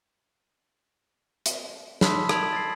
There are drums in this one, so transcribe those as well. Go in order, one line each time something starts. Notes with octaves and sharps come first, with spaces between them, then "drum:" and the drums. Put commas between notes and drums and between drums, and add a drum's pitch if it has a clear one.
drum: hi-hat
A5 B5 C6 D#6 E6 B6, drum: snare
A5 G#6 B6 D7 F7 F#7, drum: rim click
A6 C7